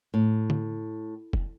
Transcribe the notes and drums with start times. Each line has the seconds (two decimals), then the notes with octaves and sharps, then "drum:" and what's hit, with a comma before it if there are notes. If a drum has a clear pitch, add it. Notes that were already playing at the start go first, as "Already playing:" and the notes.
0.14 A2
0.50 drum: tom D3
1.33 drum: kick F1